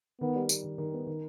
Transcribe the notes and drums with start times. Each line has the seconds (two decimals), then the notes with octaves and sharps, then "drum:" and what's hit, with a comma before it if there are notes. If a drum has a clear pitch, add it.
0.21 D#3 B3
0.36 G3
0.49 G3, drum: tambourine
0.64 D#3
0.78 D#3
0.94 B3
1.07 D#3